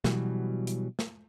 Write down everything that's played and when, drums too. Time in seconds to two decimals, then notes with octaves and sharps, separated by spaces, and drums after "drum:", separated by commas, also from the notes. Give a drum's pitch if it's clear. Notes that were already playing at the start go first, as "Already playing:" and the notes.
0.04 B2 E3 F#3 G3, drum: snare
0.67 drum: hi-hat
0.99 drum: snare